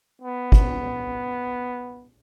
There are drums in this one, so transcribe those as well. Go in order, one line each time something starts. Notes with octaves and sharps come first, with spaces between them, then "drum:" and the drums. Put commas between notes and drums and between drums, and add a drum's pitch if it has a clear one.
B3
drum: kick